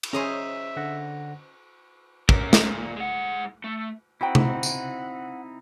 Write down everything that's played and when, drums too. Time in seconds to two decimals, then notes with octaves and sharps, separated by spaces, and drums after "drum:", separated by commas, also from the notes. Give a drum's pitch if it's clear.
0.03 drum: cymbal
0.13 C#4 G#4 C5 D#5 E5 A#5
0.77 D3 F#5 A#6
2.29 C#4 A#4, drum: kick
2.53 drum: snare
2.70 A#2
2.96 G#3 F#5
3.64 A3
4.21 C4 D#4 E4 F#4 F#5 G5
4.35 drum: tom C3
4.63 drum: tambourine